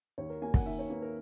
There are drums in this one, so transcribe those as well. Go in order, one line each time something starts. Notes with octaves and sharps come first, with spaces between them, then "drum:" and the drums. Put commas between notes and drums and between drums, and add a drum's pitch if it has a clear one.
D#2 C#5
A#4
A#3 G#5
F#5, drum: kick
D#3 E5
C#5
A#3 B4
A#4